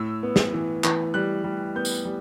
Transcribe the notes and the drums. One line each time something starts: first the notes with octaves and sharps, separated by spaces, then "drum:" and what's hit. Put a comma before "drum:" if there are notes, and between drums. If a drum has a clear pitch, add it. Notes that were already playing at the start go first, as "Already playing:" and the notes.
Already playing: A2 E6
B3
drum: snare
E3
E3, drum: clap
G3 F#6
G3
B3 G6
drum: tambourine
G3